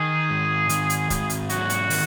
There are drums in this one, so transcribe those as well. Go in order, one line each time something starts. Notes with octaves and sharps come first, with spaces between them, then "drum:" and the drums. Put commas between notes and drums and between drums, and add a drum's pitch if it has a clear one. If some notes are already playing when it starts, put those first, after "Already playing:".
Already playing: D#3 G#4
G#2
D#3, drum: hi-hat
drum: hi-hat
G#2, drum: kick D#1, hi-hat
drum: hi-hat
F#3 F#4, drum: hi-hat
drum: hi-hat
D#3, drum: open hi-hat